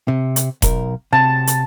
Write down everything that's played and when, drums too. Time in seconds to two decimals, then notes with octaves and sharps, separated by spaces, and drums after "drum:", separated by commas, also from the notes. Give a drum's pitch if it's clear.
0.08 C3
0.36 drum: hi-hat
0.62 B1 A#4, drum: kick E1, hi-hat
1.13 C3 A5
1.47 drum: hi-hat